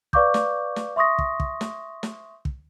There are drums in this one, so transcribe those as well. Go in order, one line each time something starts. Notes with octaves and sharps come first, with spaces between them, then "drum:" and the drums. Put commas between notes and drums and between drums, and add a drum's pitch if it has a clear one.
B4 D5 F5 C#6 D6 G6, drum: kick
drum: snare
drum: snare
E5 C6 C#6 D#6 A#6
drum: kick
drum: kick
drum: snare
drum: snare
drum: kick